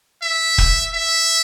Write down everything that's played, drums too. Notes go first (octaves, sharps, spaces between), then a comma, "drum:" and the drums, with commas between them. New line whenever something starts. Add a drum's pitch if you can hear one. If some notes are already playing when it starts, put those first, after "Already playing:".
E5
drum: kick
E5